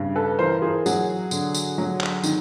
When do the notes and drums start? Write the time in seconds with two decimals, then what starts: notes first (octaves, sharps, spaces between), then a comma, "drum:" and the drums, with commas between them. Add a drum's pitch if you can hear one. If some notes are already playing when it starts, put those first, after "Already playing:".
Already playing: G2 C#3
0.16 A4 B4
0.39 E3 A#4 C5
0.62 G#4 A#4
0.86 F#3 F#4 G#4, drum: tambourine
1.31 D3, drum: tambourine
1.54 drum: tambourine
1.78 F#3
2.01 drum: clap
2.24 D#3, drum: tambourine